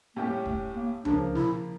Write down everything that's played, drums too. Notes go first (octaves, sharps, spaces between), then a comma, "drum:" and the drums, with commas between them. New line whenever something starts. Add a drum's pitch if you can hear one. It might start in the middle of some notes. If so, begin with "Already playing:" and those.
A2 G3 A#3 C#4 G4
A3, drum: kick D#1
A#3
C#3 F3 A#3 D4, drum: tom C#2
E4, drum: snare